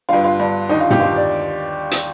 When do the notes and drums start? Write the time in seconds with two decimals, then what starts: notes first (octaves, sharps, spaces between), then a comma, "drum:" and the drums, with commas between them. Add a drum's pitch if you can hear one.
0.09 G2 D3 F4
0.24 F4
0.39 G2 D3
0.69 D#2 D3 D#4
0.80 F4
0.90 G4, drum: tom
1.00 D#2 D3 F4
1.16 D5
1.91 drum: hi-hat